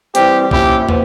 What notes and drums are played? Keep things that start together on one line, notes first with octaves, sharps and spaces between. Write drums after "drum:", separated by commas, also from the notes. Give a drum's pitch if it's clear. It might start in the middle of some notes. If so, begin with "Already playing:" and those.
E3 G3 C4 G4, drum: hi-hat
F3 A#3 C#4 E4 G4, drum: kick
A#2 F3 B3, drum: tom